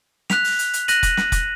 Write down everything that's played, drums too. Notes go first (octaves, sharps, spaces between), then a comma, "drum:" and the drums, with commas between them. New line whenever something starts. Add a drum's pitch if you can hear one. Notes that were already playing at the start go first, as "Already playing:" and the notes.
F#6 B6 F7, drum: snare
drum: open hi-hat
drum: hi-hat
drum: hi-hat
F#6 A#6 D#7 F#7, drum: hi-hat
drum: kick F1, hi-hat
drum: snare
drum: kick F1, hi-hat